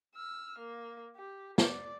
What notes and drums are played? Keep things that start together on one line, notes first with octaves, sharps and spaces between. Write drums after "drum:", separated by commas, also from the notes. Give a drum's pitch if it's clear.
E6 F6
A#3
G4
D5, drum: snare